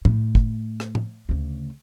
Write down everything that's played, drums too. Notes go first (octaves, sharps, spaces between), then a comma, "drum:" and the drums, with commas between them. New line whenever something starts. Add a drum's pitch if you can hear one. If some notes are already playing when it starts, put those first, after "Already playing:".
A2, drum: tom
drum: kick
drum: rim click
drum: tom A2
D2 C#3